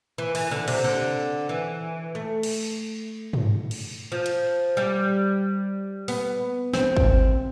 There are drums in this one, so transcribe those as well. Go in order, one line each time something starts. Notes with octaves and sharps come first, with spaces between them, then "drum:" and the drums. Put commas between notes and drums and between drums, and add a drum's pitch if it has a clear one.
E3
E3, drum: open hi-hat
D3
C3, drum: cymbal
D3
E3
A3
drum: cymbal
drum: tom
drum: cymbal
F3
drum: cymbal
G3
B3, drum: open hi-hat
C4, drum: snare
drum: kick